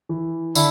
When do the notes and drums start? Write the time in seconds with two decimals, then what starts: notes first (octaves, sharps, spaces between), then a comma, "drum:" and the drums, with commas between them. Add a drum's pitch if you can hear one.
0.09 E3
0.55 D3 E4, drum: tambourine